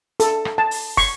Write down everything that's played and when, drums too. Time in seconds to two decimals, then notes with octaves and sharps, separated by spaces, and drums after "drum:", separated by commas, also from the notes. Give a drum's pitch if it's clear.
0.20 A4, drum: hi-hat
0.45 drum: rim click
0.58 A5
0.71 drum: open hi-hat
0.97 C#6, drum: kick, open hi-hat